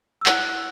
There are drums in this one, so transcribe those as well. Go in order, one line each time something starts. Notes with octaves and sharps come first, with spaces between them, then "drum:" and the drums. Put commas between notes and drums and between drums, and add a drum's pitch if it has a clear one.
E6
E4 F#5 F#6, drum: clap